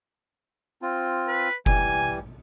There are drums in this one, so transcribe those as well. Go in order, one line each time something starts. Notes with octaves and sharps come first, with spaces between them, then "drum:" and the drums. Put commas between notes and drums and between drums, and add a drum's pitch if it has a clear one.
C4 F4
B4
E3 G3 G#5, drum: kick F1